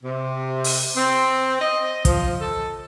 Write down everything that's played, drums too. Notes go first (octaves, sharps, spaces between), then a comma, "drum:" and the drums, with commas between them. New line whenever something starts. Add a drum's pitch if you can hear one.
C3
drum: open hi-hat
C4
D#5
F3, drum: kick, hi-hat
A4